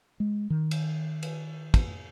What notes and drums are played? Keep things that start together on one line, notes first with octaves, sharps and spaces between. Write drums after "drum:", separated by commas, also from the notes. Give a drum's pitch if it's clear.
G#3
D#3
drum: cymbal
drum: cymbal
drum: kick, cymbal